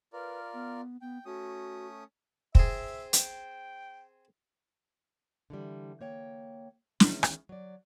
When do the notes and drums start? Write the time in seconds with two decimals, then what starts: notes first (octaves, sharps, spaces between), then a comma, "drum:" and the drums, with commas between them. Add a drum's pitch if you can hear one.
0.13 F4 A#4 B4 D5
0.54 B3
1.01 B3 G5
1.25 A3 C#4 F#4 D#6
2.55 C4 G#4 E5, drum: kick
3.13 G5, drum: hi-hat
5.50 D3 E3 G3
6.01 A#3 C#5 G5
7.00 D#3 E3 G#3 B3 C#4, drum: snare
7.23 drum: rim click
7.49 F#3 D5